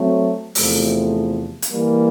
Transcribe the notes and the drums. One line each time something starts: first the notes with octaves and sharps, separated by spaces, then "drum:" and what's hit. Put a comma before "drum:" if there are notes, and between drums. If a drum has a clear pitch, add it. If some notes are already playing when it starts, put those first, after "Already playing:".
Already playing: F#3 A3 C4
E2 C3 F3 A3, drum: open hi-hat
drum: hi-hat
E3 G3 A#3